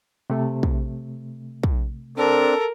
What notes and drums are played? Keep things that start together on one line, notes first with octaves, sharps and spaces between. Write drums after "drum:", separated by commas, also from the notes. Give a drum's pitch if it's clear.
C3 A3
drum: kick
drum: kick
C4 D4 A4 A#4